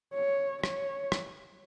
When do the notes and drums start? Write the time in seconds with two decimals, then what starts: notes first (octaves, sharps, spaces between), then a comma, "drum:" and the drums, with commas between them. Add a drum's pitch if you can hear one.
0.14 C#5
0.64 C#5, drum: rim click
1.12 drum: rim click